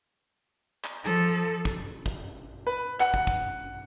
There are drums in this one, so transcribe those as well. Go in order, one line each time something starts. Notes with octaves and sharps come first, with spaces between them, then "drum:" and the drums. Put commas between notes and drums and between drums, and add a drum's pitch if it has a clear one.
drum: clap
F3 A4
drum: kick
drum: kick
B4
F#5, drum: clap
drum: kick
drum: kick